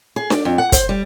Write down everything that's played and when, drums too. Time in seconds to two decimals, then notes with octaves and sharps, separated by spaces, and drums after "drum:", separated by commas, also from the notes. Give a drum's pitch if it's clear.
0.16 G#4
0.30 D5, drum: snare D4
0.45 F2
0.58 F#5
0.72 C5, drum: kick, hi-hat
0.89 G3